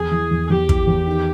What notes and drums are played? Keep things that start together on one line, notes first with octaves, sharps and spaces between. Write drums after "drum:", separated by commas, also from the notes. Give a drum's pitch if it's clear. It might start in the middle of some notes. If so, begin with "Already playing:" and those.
Already playing: E2 G#4
E3
E2
G#4
E2 G4
E3, drum: kick
E2
D#3